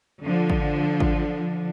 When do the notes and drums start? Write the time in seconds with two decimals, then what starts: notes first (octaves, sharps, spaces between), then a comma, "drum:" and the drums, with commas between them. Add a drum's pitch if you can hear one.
0.24 D3 F3
0.50 drum: kick G#1
1.00 drum: kick G#1